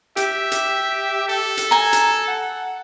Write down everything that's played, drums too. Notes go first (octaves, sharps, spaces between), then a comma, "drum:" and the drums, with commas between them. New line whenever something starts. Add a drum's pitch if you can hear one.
G4 E5, drum: hi-hat
drum: hi-hat
A4
drum: hi-hat
G#5 A#5
drum: hi-hat
F#5